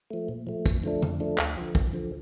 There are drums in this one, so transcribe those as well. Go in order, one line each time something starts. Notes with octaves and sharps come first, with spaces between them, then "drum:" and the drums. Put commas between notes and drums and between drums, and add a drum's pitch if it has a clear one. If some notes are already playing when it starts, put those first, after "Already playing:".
F3 A3
A#2
F3 A3
F2, drum: kick, tambourine
D3 F3 A3 D4
F2, drum: tom
D3 F3 A3 D4
D2, drum: clap
D3 F3
D2, drum: kick
D3 F3